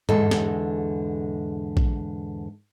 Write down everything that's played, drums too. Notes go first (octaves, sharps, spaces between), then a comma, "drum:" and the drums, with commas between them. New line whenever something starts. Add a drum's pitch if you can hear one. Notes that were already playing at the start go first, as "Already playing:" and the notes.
E2 G#2 D3 A4 D#5, drum: tom G2
drum: snare
drum: kick A#1